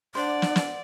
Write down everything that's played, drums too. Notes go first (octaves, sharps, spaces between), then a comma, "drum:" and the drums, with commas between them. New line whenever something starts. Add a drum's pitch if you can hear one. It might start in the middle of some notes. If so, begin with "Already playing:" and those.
D4 C5 D5 F#5
drum: snare
drum: snare